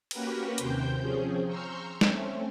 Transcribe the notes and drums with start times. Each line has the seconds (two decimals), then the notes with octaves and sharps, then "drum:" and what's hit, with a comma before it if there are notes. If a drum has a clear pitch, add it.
0.11 A#3 C#4 F#4 G4 A#4 B4, drum: cymbal
0.58 D#2 C3 C5 G5 G6, drum: hi-hat
0.99 F3 C4 C#4 G#4
1.46 A#5 C6 C#6 E6 F6 G6
2.01 A3 C4 C#4, drum: snare